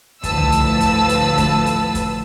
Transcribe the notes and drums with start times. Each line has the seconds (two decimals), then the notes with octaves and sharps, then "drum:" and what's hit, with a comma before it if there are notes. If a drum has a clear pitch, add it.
0.24 D2 A2 F3 B4 A5 E6, drum: kick, hi-hat
0.38 drum: tom
0.52 drum: hi-hat
0.81 drum: kick, hi-hat
1.09 drum: hi-hat
1.38 drum: kick, hi-hat
1.66 drum: hi-hat
1.95 drum: kick, hi-hat